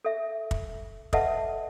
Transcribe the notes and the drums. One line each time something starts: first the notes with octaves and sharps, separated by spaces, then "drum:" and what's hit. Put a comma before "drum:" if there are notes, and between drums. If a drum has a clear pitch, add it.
A4 E5
drum: kick
A4 B4 D#5 E5 F#5 A5, drum: kick